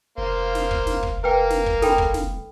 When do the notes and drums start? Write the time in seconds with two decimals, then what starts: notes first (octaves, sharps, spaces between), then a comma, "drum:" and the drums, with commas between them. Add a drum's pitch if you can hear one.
0.18 F1 A#3 C5 F5
0.55 drum: snare
0.71 drum: kick
0.87 drum: snare
1.03 drum: kick
1.24 A#3 A#4 B4 F5 G5
1.50 drum: snare
1.66 drum: kick
1.82 A4 G5 B5, drum: snare
1.98 drum: kick
2.14 drum: snare